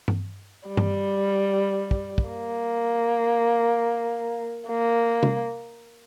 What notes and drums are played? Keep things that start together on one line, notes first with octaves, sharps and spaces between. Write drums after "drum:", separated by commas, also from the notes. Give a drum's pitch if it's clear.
drum: tom G2
G3
drum: tom G2
drum: kick
drum: kick
A#3
A#3
drum: tom C3